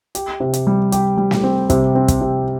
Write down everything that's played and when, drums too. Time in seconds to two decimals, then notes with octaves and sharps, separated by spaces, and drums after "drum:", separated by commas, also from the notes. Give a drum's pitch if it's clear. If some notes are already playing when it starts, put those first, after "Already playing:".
0.15 G4, drum: hi-hat
0.40 C3
0.53 drum: hi-hat
0.67 G3
0.92 G4, drum: hi-hat
1.17 G3
1.31 drum: snare
1.43 C4
1.70 C3, drum: kick, hi-hat
1.95 C4
2.08 drum: kick, hi-hat
2.21 C3